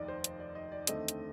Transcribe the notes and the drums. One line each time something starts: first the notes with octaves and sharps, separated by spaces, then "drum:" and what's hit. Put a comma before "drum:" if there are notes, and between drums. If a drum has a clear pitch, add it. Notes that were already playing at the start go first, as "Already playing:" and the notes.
Already playing: F1 D#2 D#3 D5 D#5
C5
drum: hi-hat
D5
D#5
D5
D#2 D3 A3 C4 D#5, drum: hi-hat
drum: hi-hat